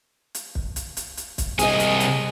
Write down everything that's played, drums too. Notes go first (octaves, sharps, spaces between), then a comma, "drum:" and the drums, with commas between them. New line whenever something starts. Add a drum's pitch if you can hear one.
drum: hi-hat
drum: kick
drum: hi-hat
drum: hi-hat
drum: hi-hat
drum: kick, hi-hat
C2 G#4 D#5 G#5, drum: hi-hat
drum: hi-hat
drum: hi-hat